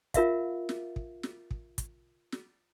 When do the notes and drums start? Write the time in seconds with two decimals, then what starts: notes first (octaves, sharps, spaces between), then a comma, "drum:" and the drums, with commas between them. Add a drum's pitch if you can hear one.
0.14 F4 A#4 E5 F5, drum: kick, hi-hat
0.69 drum: snare
0.96 drum: kick
1.23 drum: snare
1.51 drum: kick
1.78 drum: kick, hi-hat
2.32 drum: snare